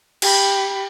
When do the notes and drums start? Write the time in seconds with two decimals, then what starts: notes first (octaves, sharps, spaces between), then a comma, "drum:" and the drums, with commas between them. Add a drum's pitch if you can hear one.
0.22 G4 B5, drum: cymbal